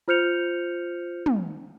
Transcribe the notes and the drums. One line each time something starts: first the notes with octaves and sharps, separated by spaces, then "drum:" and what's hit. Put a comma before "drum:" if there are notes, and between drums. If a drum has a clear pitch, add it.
F4 C5 F6 G6 C#7 F7
drum: tom